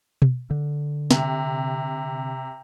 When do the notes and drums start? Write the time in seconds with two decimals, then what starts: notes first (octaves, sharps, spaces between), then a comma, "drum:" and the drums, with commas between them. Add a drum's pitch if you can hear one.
0.22 drum: tom B2
0.50 D3
1.11 C3, drum: snare